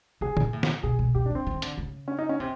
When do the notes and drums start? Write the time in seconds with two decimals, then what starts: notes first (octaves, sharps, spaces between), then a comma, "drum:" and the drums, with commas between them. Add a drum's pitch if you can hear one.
0.21 C3 G#4
0.37 A#2, drum: tom
0.53 A2
0.63 drum: snare
0.83 B2 G#4
0.99 B2
1.15 B2 G4
1.26 D4
1.31 D#3 C4
1.46 D#3
1.62 D3, drum: hi-hat
1.78 C#3
2.08 C#4
2.18 D#4
2.29 C#4
2.40 C3 C4